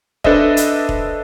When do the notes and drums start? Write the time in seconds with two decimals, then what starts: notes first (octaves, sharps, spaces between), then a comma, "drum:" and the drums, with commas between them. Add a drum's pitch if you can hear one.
0.24 D4 A4 B4 C5 D#5 E5, drum: kick
0.57 drum: hi-hat
0.89 drum: kick